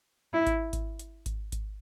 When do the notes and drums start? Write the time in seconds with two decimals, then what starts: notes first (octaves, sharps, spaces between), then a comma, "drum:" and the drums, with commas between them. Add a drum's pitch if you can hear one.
0.33 E4
0.47 drum: kick G#1, hi-hat
0.73 drum: kick G#1, hi-hat
0.99 drum: hi-hat
1.26 drum: kick G#1, hi-hat
1.52 drum: kick G#1, hi-hat